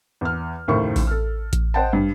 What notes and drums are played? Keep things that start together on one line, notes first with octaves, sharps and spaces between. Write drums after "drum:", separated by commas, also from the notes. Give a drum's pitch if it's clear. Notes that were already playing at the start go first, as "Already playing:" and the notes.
E2 F6
F#1 D#2 A2 D#3 C5 C#6
drum: kick A1, open hi-hat
A4 F6
drum: kick A1, hi-hat
C5 D#5 F#5 G5 A5
G2